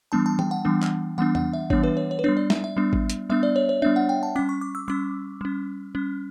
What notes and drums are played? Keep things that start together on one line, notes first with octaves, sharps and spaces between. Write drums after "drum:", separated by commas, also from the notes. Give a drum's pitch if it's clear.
E3 G3 B3 D4 A5
A5
G5, drum: tom E3
F#5
E3 G3 B3 D4
drum: clap
E3 G3 B3 D4 F#5
F#5, drum: tom E2
E5
E3 G3 B3 D4 C#5, drum: kick G#1
B4
C#5
C#5
B4
G3 B3 D4 C#5
D5
E5, drum: snare
E5
G3 B3 D4
drum: kick G#1
drum: hi-hat
G3 B3 D4 E5
D5
C#5
C#5
G3 B3 D4 E5
F#5
G5
A5
G3 C#4 D6
C#6
D6
E6
G3 C#4 D6
G3 C#4
G3 C#4